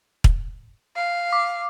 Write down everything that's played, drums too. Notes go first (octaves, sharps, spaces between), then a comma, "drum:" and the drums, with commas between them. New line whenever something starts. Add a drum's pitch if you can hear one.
drum: kick
F5
D6